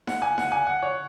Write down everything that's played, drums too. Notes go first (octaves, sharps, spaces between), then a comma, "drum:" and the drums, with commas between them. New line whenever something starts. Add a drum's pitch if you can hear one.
F#5, drum: snare D#4
G#5
F#5, drum: snare D#4
G#5
F#5
C#5